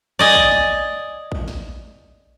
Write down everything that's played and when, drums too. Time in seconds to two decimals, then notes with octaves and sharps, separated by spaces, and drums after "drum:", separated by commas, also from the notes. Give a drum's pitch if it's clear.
0.19 D5 D#5 G#5
0.35 drum: kick A#1
0.51 drum: snare
1.32 drum: kick A#1
1.48 drum: snare